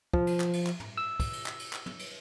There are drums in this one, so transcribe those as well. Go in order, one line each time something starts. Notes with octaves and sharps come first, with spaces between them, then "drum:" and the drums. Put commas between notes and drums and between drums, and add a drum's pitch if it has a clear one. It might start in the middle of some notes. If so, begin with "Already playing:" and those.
F3, drum: kick
drum: cymbal
drum: clap
drum: cymbal
drum: clap
drum: tom
E6
drum: kick, cymbal
drum: cymbal
drum: clap
drum: cymbal
drum: clap
drum: tom
drum: cymbal